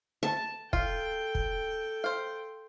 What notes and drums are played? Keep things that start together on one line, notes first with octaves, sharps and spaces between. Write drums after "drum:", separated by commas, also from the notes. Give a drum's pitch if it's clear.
A5
F4 A4 G5, drum: kick
drum: kick
C5 F5